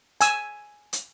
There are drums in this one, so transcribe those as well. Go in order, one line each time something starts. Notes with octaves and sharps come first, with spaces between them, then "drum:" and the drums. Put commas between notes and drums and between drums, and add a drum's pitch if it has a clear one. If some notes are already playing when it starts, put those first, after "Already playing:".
G#5 E6, drum: hi-hat
drum: hi-hat